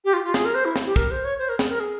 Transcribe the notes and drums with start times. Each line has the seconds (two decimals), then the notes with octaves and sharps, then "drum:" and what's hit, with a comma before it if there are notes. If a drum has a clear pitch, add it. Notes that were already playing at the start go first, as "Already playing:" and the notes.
0.05 G4
0.13 F4
0.24 F4
0.34 G#4, drum: snare
0.45 A#4
0.55 C5
0.65 E4
0.76 drum: snare
0.86 G4
0.96 A#4, drum: kick
1.11 C5
1.24 C#5
1.38 C5
1.49 A#4
1.59 G#4, drum: snare
1.69 A#4
1.80 G#4